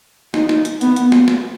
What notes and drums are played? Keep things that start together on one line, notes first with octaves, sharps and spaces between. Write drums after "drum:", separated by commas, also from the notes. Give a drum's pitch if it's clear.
D#4, drum: snare
drum: snare
drum: hi-hat
B3, drum: hi-hat
drum: hi-hat
drum: snare
drum: snare